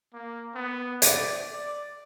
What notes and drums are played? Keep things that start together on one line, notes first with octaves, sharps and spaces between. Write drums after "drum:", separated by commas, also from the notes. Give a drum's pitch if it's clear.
A#3
B3
D5, drum: hi-hat
D5